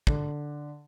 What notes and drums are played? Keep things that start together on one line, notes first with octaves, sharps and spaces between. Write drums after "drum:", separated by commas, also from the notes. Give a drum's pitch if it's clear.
D3, drum: kick